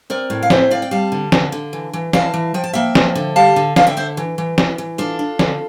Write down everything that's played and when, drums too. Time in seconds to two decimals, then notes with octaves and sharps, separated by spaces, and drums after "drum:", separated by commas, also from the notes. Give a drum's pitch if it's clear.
0.10 C4 A#4 D5
0.30 A2
0.43 F5
0.50 C4 C5 E5, drum: snare
0.71 C4 D5 F5
0.82 G5
0.91 G3 F5 A5
1.12 D3
1.32 D3, drum: snare
1.52 D3
1.73 E3
1.93 E3
2.13 E3 F5 A5, drum: snare
2.34 E3
2.54 F3 G5
2.64 A5
2.73 A#3 E5 G5
2.95 F3, drum: snare
3.15 D3
3.36 G3 F5 A5
3.56 D3
3.76 D3 F5 A5, drum: snare
3.87 E5 G5
3.97 D3 C5 E5
4.17 E3
4.38 E3
4.58 E3, drum: snare
4.78 E3
4.98 D4 F4 A4
5.19 D4
5.39 D3, drum: snare